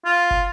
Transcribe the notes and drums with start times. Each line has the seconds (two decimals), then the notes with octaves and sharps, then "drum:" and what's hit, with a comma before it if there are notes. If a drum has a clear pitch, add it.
0.05 F4
0.31 drum: kick